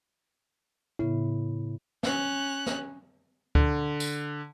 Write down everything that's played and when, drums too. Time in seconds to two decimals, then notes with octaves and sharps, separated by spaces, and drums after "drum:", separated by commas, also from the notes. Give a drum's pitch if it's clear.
0.99 A2 C#3 B3 E4
2.03 C#4 F#6, drum: snare
2.66 drum: snare
3.55 D3, drum: kick D2
4.00 drum: tambourine